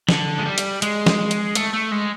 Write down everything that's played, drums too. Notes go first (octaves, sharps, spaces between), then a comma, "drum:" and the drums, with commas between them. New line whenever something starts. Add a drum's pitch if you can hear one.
D3, drum: snare
G#3
G3
drum: hi-hat
G#3, drum: hi-hat
drum: snare
drum: hi-hat
A3, drum: hi-hat
A3
G#3